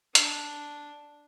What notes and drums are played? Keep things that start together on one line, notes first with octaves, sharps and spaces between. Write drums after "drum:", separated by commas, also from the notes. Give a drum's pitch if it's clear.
D4, drum: hi-hat